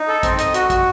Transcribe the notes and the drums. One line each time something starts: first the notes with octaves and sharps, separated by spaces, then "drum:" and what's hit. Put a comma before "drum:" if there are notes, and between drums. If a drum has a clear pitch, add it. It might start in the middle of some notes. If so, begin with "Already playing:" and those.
Already playing: D#4
A4
C4, drum: kick, hi-hat
D#5, drum: hi-hat
F#4, drum: hi-hat
F#4, drum: kick, hi-hat